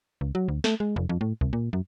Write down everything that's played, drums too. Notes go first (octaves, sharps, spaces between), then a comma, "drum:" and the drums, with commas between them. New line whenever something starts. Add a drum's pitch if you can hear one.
C#2
F#3
D2
A3, drum: snare
G#3
F1
F2
A2
C2, drum: kick C#2
A#2
F#2